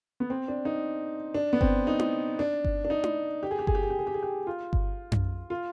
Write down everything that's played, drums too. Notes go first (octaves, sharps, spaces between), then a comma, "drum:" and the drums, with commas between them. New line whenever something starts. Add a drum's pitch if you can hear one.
B3
C4
D4
D#4
D4
B3
C4, drum: kick G1
D#4
drum: tom E4
D4
drum: kick G1
D4
D#4
drum: tom E4
G4
G#4
G4
G#4, drum: kick G1
G4
G#4
G4
G#4
G4
G#4
G4
F4
drum: kick G1
drum: tom F#2
F4